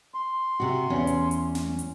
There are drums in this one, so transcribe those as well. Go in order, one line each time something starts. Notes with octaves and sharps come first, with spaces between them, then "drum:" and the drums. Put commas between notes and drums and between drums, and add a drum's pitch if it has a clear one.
C6
C3 F#4
E2 C#4
drum: hi-hat
drum: hi-hat
drum: snare
drum: hi-hat